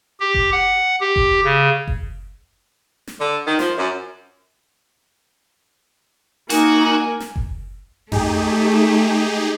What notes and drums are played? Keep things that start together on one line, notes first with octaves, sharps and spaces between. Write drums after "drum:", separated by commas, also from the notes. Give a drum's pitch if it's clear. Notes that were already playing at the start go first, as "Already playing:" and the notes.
G4
drum: kick F#1
F#5
G4
drum: kick F#1
C#3
drum: kick F#1
drum: snare
D3
D#3
F3, drum: snare
F#2
A#3 D#4 F#4 A#4 G#5, drum: hi-hat
drum: snare
drum: kick F#1
A3 D#4 G4 G#4, drum: tom F2